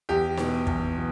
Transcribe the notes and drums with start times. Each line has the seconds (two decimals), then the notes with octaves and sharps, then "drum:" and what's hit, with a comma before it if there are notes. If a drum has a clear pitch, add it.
0.09 E2 G4
0.37 B2, drum: snare D#4
0.67 E2, drum: kick
0.97 B2